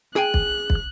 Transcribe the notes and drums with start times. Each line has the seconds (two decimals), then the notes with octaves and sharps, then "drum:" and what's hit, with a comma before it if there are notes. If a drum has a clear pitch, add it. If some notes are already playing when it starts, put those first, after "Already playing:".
0.16 G#4 G5 G#5 F#6
0.34 drum: kick
0.70 drum: kick